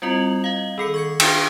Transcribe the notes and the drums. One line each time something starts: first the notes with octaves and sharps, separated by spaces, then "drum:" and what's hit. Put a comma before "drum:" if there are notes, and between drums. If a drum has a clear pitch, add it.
G3 C4 E4 F4 D#5
D#5 F5
D#3 A4 C#7
C#6 G#6 C#7
D4 E5 F5 G5 C#6, drum: cymbal